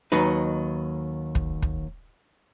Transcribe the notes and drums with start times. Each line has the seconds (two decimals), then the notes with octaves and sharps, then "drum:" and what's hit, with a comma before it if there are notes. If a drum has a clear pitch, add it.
0.12 D#2 F#3 D#4 B4
1.35 drum: kick
1.62 drum: kick